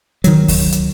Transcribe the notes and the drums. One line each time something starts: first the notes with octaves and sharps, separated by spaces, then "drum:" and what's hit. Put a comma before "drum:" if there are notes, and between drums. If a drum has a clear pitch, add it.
D#3 F#3, drum: hi-hat
drum: kick D2, open hi-hat
drum: hi-hat